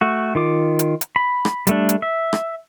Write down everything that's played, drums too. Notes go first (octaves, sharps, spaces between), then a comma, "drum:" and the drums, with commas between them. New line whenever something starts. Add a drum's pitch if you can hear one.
A3 F#4
D#3 F4 D6
drum: hi-hat
drum: hi-hat
B5
drum: rim click
G3 A3 D4, drum: hi-hat
drum: hi-hat
E5
drum: rim click